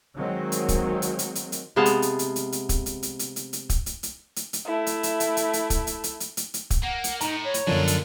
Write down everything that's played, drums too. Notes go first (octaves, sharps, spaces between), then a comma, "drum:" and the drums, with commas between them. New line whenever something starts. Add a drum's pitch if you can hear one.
D#3 F#3 G#3 A#3 C4
drum: hi-hat
drum: kick, hi-hat
drum: hi-hat
drum: hi-hat
drum: hi-hat
drum: hi-hat
C3 G#3 B3 F5 A5
drum: hi-hat
drum: hi-hat
drum: hi-hat
drum: hi-hat
drum: hi-hat
drum: kick, hi-hat
drum: hi-hat
drum: hi-hat
drum: hi-hat
drum: hi-hat
drum: hi-hat
drum: kick, hi-hat
drum: hi-hat
drum: hi-hat
drum: hi-hat
drum: hi-hat
A3 E4
drum: hi-hat
drum: hi-hat
drum: hi-hat
drum: hi-hat
drum: hi-hat
drum: kick, hi-hat
drum: hi-hat
drum: hi-hat
drum: hi-hat
drum: hi-hat
drum: hi-hat
drum: kick, hi-hat
A#3 F#5
drum: hi-hat
A2 D#4 A#5, drum: hi-hat
C#5
drum: hi-hat
F#2 A#2 D3 F3 A#3 D4 F4
drum: hi-hat